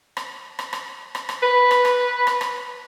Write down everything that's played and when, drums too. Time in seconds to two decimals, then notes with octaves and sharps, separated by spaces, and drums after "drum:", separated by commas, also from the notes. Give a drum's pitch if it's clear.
0.17 drum: rim click
0.59 drum: rim click
0.73 drum: rim click
1.15 drum: rim click
1.29 drum: rim click
1.43 B4
1.71 drum: rim click
1.85 drum: rim click
2.27 drum: rim click
2.41 drum: rim click